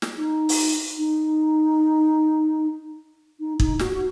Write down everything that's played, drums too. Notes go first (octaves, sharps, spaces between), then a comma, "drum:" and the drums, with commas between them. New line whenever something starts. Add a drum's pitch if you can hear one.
drum: snare
D#4
drum: open hi-hat
D#4
D#4
D#4, drum: kick
F#4, drum: snare
F#4